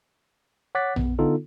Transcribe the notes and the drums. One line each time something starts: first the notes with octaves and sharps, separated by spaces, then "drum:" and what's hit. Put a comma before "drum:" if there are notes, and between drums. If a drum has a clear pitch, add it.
C#5 F#5 D6 F#6 A6 B6
B3, drum: tom A#1
D3 B3 D#4 F4 A4